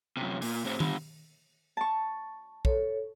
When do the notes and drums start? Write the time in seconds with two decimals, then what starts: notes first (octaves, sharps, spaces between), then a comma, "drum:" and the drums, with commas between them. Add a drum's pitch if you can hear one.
0.17 F#2 C3
0.42 A#2, drum: open hi-hat
0.65 A2 C4
0.80 D3 G3, drum: tom D#3
1.77 A5 C#6
2.65 A4 C#5, drum: kick